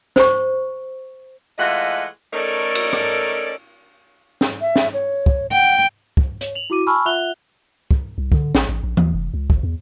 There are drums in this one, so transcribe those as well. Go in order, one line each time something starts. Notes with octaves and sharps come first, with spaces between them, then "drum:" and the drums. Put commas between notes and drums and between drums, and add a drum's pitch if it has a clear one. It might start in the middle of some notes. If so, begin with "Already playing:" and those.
C5 C#6, drum: snare
E3 G#3 A3 F4 D#5 F#5
A3 C#4 D#4 A4 A#4 D5
drum: cymbal
drum: rim click
drum: snare
E5
drum: snare
C#5
drum: kick
F#5 G5
drum: kick
C#5, drum: hi-hat
F7 F#7
E4 F#4 D6 D#7
G#5 A5 B5 C#6 E6 F6
F4 E5 F#5 F#6 F7 G7
drum: kick
C2
D3, drum: kick
A1, drum: snare
A1
A#1
D#2, drum: tom E3
F1
C#2
G1, drum: kick
E2